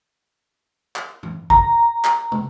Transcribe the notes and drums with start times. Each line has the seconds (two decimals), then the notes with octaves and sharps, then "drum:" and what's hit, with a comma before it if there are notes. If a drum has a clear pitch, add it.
0.96 drum: clap
1.23 drum: tom
1.50 A#5, drum: kick
2.04 drum: clap
2.32 drum: tom